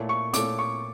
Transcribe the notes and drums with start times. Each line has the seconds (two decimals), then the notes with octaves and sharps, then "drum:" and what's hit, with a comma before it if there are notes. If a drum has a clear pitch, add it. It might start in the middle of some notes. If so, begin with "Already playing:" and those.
Already playing: A#2 A3 E4 A4 C#5
0.09 C#6
0.33 A#2 A3 E4 A4 C#5 D6, drum: hi-hat
0.59 C#6